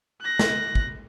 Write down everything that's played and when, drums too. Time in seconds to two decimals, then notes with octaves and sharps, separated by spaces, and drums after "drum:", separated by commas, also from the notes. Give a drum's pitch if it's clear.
0.21 F#6 A#6
0.39 drum: snare
0.75 drum: kick